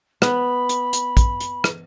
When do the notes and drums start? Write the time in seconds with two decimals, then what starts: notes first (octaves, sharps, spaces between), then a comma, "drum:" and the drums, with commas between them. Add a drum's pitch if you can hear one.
0.22 B3 B5, drum: rim click
0.69 drum: hi-hat
0.93 drum: hi-hat
1.17 drum: kick, hi-hat
1.40 drum: hi-hat
1.64 drum: rim click